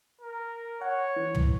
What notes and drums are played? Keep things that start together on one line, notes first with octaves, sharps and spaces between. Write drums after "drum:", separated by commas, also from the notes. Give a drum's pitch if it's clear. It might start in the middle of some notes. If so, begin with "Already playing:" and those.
A#4
C#5 F#5
E3
drum: tom